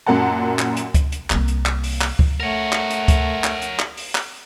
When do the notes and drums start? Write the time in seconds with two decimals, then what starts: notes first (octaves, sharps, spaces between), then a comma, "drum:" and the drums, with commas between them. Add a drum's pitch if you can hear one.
0.06 F#2 A#2 A#4 F#5 A5
0.59 drum: clap
0.77 drum: hi-hat
0.94 drum: kick C#2, hi-hat
1.12 drum: hi-hat
1.30 C2 A#3, drum: clap
1.48 drum: hi-hat
1.66 drum: clap
1.84 drum: open hi-hat
2.01 drum: clap
2.19 drum: kick C#2
2.40 A3 A#4 C#5 F#5
2.73 drum: clap
2.90 drum: hi-hat
3.08 drum: kick C#2, hi-hat
3.44 drum: clap
3.62 drum: hi-hat
3.79 drum: clap
3.97 drum: open hi-hat
4.15 drum: clap